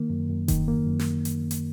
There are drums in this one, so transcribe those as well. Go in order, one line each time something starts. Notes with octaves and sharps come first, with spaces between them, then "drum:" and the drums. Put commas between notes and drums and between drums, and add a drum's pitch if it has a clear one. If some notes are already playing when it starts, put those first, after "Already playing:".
Already playing: D#3 A#3
F#2
F#2
D#3, drum: kick E1, hi-hat
A#3
F#2
drum: snare
drum: hi-hat
drum: hi-hat